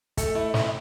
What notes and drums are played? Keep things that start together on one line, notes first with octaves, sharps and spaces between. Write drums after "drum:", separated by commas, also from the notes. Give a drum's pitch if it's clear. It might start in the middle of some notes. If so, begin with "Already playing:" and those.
A3 A4, drum: kick, hi-hat
A3 E4
A2 E4, drum: snare